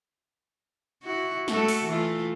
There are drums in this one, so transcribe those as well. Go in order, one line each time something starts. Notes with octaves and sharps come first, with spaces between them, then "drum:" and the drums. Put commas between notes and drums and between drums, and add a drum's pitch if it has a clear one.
E4 F#4
A3 F#4 A4, drum: snare
drum: open hi-hat
E3 A3 F4